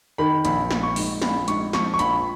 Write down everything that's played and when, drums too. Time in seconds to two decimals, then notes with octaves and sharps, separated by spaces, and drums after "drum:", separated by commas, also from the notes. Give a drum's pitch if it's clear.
0.18 D#3 B5
0.45 A#1 B5, drum: hi-hat
0.71 A#1, drum: snare
0.83 C#6
0.96 G#2, drum: open hi-hat
1.22 A#1 B5, drum: snare
1.48 G#2 C#6, drum: hi-hat
1.73 F3 C#6, drum: snare
1.94 C#6
1.99 A#1 B5, drum: hi-hat